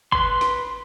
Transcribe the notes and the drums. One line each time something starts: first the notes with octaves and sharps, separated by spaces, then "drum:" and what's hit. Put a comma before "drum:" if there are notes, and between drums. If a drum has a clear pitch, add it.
B4 C6, drum: kick
drum: snare